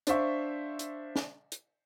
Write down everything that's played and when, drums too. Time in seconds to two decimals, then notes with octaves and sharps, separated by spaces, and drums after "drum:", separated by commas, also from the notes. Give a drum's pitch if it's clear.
0.07 D4 C5 E5 F5 C#6, drum: hi-hat
0.79 drum: hi-hat
1.16 drum: snare
1.52 drum: hi-hat